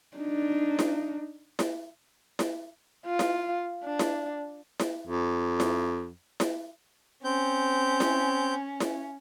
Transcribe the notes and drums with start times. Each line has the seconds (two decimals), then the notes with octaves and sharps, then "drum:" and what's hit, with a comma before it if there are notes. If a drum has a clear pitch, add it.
0.17 D4 D#4
0.79 drum: snare E4
1.59 drum: snare E4
2.39 drum: snare E4
3.06 F4
3.19 drum: snare E4
3.84 D4
3.99 drum: snare E4
4.80 drum: snare E4
5.07 F2
5.60 drum: snare E4
6.40 drum: snare E4
7.24 C4 C#4 G6
8.00 drum: snare E4
8.80 drum: snare E4